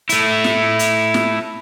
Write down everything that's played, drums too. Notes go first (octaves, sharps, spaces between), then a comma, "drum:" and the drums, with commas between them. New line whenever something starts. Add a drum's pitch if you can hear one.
A3 E4, drum: hi-hat
drum: snare
drum: hi-hat
drum: snare